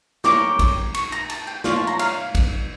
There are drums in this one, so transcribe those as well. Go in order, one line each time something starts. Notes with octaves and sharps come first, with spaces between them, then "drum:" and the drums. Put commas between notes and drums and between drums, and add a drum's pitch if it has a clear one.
G4 A#4 C#5 D6, drum: snare
drum: kick, cymbal
C#6, drum: cymbal
A#5
A5, drum: cymbal
G5
F4 C#5 F5, drum: snare
A5
A#5
F5, drum: cymbal
drum: kick, cymbal